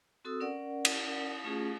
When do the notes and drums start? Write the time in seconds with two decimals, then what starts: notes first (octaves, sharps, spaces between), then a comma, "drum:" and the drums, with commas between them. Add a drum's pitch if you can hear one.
0.25 C4 F#4 A4 D#6 E6
0.40 C#4 A#4 D5 F#5
0.85 drum: cymbal
1.44 A3 C#4 F4 G#4